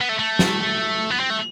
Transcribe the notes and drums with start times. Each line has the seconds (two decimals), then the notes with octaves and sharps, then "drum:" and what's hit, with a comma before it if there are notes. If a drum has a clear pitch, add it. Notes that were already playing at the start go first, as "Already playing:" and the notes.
0.01 B3
0.09 A3
0.19 A3
0.39 drum: snare
1.10 B3
1.20 C4
1.30 A3